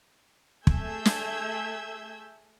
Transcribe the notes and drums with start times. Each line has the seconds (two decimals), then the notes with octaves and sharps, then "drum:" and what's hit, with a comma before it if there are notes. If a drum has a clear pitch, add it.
0.67 A3 G#4 E5 E6 G6 G#6, drum: kick
1.05 drum: snare